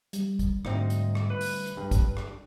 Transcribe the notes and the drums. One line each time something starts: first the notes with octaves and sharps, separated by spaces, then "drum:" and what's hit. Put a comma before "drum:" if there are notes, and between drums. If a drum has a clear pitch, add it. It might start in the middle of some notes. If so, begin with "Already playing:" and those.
G3, drum: hi-hat
drum: kick, hi-hat
D2 G#2 C4 D#4, drum: rim click
drum: hi-hat
drum: rim click
B4
drum: open hi-hat
drum: hi-hat
G2
drum: kick, hi-hat
drum: rim click